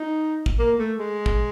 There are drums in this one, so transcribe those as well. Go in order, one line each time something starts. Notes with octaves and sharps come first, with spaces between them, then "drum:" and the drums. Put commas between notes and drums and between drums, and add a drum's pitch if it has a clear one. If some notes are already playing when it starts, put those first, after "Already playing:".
Already playing: D#4
drum: kick
A#3
A3
G#3
drum: kick